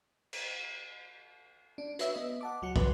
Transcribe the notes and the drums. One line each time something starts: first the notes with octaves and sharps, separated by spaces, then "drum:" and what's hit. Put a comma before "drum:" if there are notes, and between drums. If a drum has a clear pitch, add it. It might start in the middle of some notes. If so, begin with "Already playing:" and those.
drum: cymbal
D4
F#4 B4 C#5 E5 E6, drum: hi-hat
B3 D#5
F#5 A5 D6
C#2 F#3 F#4 F#5 C#7
D#2 F#3 F#4 B4 C6, drum: kick